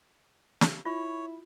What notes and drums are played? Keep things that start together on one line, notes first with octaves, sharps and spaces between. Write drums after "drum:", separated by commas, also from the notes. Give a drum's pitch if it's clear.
drum: snare
E4 F4 C#5